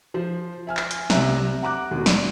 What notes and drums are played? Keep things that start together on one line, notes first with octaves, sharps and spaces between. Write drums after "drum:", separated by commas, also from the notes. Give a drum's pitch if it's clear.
F3 C5
E5 G#5 F6
drum: clap
drum: hi-hat
C2 C3 E5 A#5 F#6, drum: snare
F#5 A#5 D6 F#6
D#2 B2
D5, drum: snare